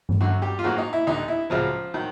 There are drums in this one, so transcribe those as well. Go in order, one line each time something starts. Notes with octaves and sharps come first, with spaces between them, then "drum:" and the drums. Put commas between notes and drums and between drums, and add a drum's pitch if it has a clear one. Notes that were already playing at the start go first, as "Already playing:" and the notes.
drum: tom G2
F#2 D3 F#3 F#4
G3 G4
F4
G#2 D#3 F#3 A#3 F#4
D#4
E4
D2 D3 G3 D#4
E4
C#2 C#3 F3 F#3 F4
D#3 F#3